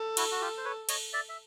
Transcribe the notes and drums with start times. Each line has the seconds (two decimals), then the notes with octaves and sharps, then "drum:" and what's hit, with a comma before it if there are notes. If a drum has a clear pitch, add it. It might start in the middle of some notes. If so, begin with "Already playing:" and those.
Already playing: A4
0.17 E4 F#4, drum: cymbal
0.31 F#4
0.41 F4 G4
0.58 C5
0.65 B4 C#5
0.89 C#5 D#5, drum: cymbal
1.13 D5 E5
1.29 E5